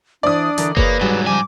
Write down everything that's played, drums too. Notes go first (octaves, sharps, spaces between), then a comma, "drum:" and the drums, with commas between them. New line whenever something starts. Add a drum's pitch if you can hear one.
E3 D4 E4 C5 D5 D#6
D3 E3 A#4, drum: hi-hat
A#3 F4 G#4 B4 C#5, drum: kick F#1
G#2 F#3 G3 F#4 G#4
G#2 C#3 F3 G3 G#5 D6